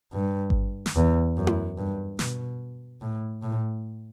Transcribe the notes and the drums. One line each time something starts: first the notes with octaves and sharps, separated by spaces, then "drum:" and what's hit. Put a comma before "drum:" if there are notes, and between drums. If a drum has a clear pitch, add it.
G2
drum: kick G#1
drum: snare
E2
F#2
drum: tom E4
G2
B2, drum: snare
A2
A2